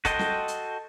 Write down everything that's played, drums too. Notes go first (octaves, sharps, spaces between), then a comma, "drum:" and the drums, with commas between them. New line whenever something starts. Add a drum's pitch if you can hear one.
F#4 A4 D#5 G5 C6, drum: kick, hi-hat
drum: snare
drum: hi-hat